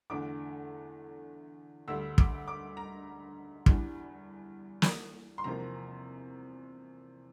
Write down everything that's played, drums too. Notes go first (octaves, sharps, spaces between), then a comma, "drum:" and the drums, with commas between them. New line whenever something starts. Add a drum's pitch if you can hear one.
E2 D3 A3 D4 D6
D2 D3 G3 E6
D6, drum: kick
D6
A#5
E2 E3 G3 D4, drum: kick
drum: snare
C6
E2 C3 F3 A#3 A#5